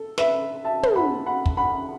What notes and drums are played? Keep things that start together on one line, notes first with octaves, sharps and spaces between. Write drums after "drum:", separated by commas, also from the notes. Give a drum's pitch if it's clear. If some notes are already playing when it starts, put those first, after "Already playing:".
Already playing: A4
B4 E5, drum: snare
E5 A5
drum: tom
F#5 B5
F#5 B5
drum: kick
F#5 B5